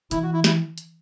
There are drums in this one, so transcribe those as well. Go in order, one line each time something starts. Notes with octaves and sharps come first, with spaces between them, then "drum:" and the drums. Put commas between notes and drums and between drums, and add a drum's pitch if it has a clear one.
E3 E4, drum: hi-hat
F#4
E4
E4, drum: snare
drum: hi-hat